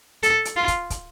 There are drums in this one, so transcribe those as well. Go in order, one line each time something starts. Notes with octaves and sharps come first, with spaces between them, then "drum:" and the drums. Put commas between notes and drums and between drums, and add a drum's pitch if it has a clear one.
A4, drum: hi-hat
drum: hi-hat
F4
drum: kick, hi-hat
drum: kick, hi-hat